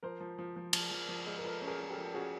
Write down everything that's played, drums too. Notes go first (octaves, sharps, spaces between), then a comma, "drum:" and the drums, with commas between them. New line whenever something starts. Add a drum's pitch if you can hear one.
F3 A#4 C5
F3
F3
F3
F3, drum: cymbal
F3
F3
G#3
A#4
F3 A4 B4
C#4
G#4 A#4
G#3
G4 A4
F3
C#4 F#4 G#4